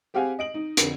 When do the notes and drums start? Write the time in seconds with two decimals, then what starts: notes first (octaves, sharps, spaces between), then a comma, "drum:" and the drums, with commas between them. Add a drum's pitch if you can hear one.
0.14 C4 G4 G#4 F5 F#5 G#5
0.39 D#5 D7 F#7
0.54 D#4
0.77 F2 D3, drum: hi-hat